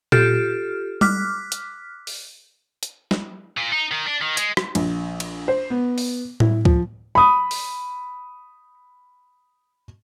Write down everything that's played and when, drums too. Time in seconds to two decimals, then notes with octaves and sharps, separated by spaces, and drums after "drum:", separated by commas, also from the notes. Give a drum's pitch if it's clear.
0.12 F4 G4 A4 F6, drum: tom A#2
1.01 D6 F6 F#6 B6, drum: tom G3
1.52 drum: hi-hat
2.07 drum: open hi-hat
2.83 drum: hi-hat
3.11 drum: snare
3.58 A#2
3.73 D#4
3.92 D#3
4.06 D4
4.21 D#3
4.37 G#3, drum: hi-hat
4.57 drum: rim click
4.75 A#1, drum: cymbal
5.20 drum: cymbal
5.48 C5
5.70 B3
5.98 drum: open hi-hat
6.40 E4, drum: tom A2
6.65 F3, drum: kick C#2
7.15 B5 D#6
7.51 drum: open hi-hat